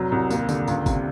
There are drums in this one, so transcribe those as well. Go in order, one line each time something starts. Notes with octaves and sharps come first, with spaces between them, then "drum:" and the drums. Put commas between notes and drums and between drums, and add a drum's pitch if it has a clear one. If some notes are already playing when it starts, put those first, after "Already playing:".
Already playing: F1 F#3
C2
D#2, drum: tambourine
D3, drum: tambourine
C#2, drum: tambourine
C3, drum: kick G#1, tambourine